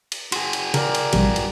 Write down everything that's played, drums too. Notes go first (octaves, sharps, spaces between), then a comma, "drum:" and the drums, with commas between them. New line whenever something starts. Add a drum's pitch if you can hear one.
drum: cymbal
F#4 G#4 C6, drum: cymbal
drum: cymbal
C#3 A#4 D5, drum: cymbal
drum: cymbal
A#1 G2 C3, drum: cymbal
drum: cymbal